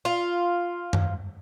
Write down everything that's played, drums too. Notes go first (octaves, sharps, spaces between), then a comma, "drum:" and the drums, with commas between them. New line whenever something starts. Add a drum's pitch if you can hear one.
F4
drum: tom F#2